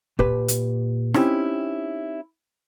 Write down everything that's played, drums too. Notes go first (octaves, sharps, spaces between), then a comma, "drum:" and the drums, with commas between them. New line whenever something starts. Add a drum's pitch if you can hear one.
A#2 G4 B4 A5, drum: kick
drum: hi-hat
C4 C#4 D#4 E4 G4, drum: rim click